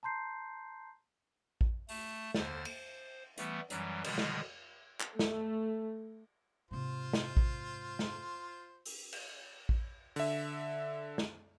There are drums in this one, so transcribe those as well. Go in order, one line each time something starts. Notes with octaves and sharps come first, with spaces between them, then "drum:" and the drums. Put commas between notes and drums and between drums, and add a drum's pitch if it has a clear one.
A5 A#5 C6 G6 C7
drum: kick A1
A3 A5, drum: open hi-hat
D#2 D3 C5 F6 A6, drum: snare
C5, drum: cymbal
E3 G3 A3 B3, drum: hi-hat
F#2 E3 F#3 G3, drum: hi-hat
B2 D3 D#3 F3 G3 G#3, drum: cymbal
drum: snare
drum: clap
A3, drum: snare
G#2 C3 F4 C5
drum: snare
drum: kick A1
drum: snare
drum: open hi-hat
drum: cymbal
drum: kick A1
D3 E5, drum: open hi-hat
drum: snare